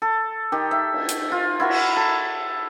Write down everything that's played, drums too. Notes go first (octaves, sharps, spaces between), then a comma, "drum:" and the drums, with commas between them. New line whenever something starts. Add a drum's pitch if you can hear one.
A4
D#3 G4
E5
drum: cymbal
drum: hi-hat
F4
E4 F#4 A#4
drum: cymbal
A4